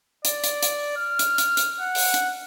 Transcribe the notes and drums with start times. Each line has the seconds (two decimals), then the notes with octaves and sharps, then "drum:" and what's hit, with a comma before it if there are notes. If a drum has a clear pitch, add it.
0.25 D5, drum: hi-hat
0.44 drum: hi-hat
0.63 drum: hi-hat
0.97 F6
1.19 drum: hi-hat
1.38 drum: hi-hat
1.57 drum: hi-hat
1.80 F#5
1.95 drum: open hi-hat
2.14 drum: hi-hat